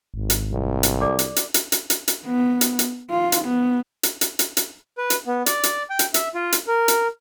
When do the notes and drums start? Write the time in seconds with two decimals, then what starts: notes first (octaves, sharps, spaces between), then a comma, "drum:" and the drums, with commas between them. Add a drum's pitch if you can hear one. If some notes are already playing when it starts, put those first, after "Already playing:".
0.14 G#1
0.30 drum: hi-hat
0.52 C2
0.83 drum: hi-hat
1.01 A4 D5 D6
1.19 drum: hi-hat
1.36 drum: hi-hat
1.54 drum: hi-hat
1.72 drum: hi-hat
1.90 drum: hi-hat
2.08 drum: hi-hat
2.26 B3
2.61 drum: hi-hat
2.79 drum: hi-hat
3.11 F4
3.32 drum: hi-hat
3.45 B3
4.03 drum: hi-hat
4.21 drum: hi-hat
4.39 drum: hi-hat
4.57 drum: hi-hat
4.98 B4
5.10 drum: hi-hat
5.27 B3
5.46 D5, drum: hi-hat
5.63 drum: hi-hat
5.90 G5
5.99 drum: hi-hat
6.14 E5, drum: hi-hat
6.35 F4
6.52 drum: hi-hat
6.67 A#4
6.88 drum: hi-hat